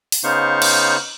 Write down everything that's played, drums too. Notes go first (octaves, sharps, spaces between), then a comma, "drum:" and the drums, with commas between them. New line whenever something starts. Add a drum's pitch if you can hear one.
drum: open hi-hat
C#3 B3 D#4 C5 F5 C#6
drum: cymbal